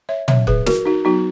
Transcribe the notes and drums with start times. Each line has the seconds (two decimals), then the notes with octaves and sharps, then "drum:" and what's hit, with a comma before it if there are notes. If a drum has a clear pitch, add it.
0.09 C#5 E5
0.28 F#3 C#4 C#5 E5, drum: tom
0.47 G#4 B4, drum: kick
0.66 F#4 A#4, drum: snare
0.86 D#4 F#4
1.05 F#3 B3 D#4 F#4